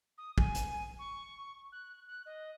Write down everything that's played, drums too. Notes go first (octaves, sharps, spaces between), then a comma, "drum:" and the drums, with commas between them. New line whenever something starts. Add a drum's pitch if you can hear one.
D#6
G#5, drum: kick
drum: hi-hat
C#6
F#6
F#6
D#5